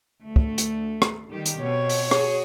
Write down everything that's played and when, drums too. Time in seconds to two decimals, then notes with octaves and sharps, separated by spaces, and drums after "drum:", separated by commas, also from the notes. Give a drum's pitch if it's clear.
0.22 D2 A3
0.36 drum: kick
0.58 drum: hi-hat
1.02 drum: rim click
1.32 D#3 G3 G4
1.46 drum: hi-hat
1.62 B2 C4 C#5
1.89 drum: open hi-hat
2.11 F#4 G#4, drum: rim click